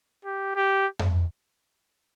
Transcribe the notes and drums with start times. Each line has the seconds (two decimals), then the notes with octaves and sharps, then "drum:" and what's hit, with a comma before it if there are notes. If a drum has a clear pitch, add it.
0.25 G4
0.56 G4
0.99 drum: tom F2